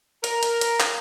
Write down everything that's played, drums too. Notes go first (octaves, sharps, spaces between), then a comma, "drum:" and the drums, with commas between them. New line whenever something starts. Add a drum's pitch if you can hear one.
A#4, drum: hi-hat
drum: hi-hat
drum: hi-hat
drum: clap